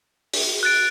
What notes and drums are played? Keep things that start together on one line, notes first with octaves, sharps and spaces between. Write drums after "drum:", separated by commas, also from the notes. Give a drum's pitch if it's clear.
drum: open hi-hat
F#6 A6 D7